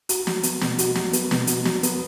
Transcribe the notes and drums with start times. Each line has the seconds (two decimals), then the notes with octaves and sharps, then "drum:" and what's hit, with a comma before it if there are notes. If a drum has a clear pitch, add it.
0.09 F#4, drum: hi-hat
0.27 F#3, drum: snare
0.43 B3, drum: hi-hat
0.61 B2, drum: snare
0.79 F#4, drum: hi-hat
0.95 F#3, drum: snare
1.13 B3, drum: hi-hat
1.31 B2, drum: snare
1.47 F#4, drum: hi-hat
1.65 F#3, drum: snare
1.83 B3, drum: hi-hat